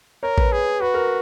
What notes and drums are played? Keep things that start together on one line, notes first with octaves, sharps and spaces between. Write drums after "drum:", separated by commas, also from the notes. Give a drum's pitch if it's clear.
A#4 C#5
B4, drum: kick A1
G#4 B4
F#4 B4
A#4